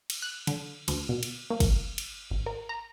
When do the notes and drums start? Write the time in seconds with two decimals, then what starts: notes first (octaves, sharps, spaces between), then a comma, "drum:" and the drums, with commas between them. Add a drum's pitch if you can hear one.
0.10 drum: cymbal
0.22 F#6
0.47 D3, drum: cymbal
0.88 D2, drum: cymbal
1.09 B2
1.23 drum: cymbal
1.51 A#3
1.60 drum: kick, cymbal
1.98 drum: cymbal
2.30 G#1
2.46 A#4
2.69 A#5